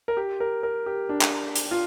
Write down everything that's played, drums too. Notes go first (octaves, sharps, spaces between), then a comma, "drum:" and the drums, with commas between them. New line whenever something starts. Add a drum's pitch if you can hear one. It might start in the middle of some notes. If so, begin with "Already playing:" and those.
A#4
G4
A#4
A#4
G4
D4
drum: clap
drum: hi-hat
F4